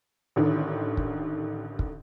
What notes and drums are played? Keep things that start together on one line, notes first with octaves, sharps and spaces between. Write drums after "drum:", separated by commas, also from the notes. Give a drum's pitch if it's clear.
A1 D3 D#3
drum: kick
drum: kick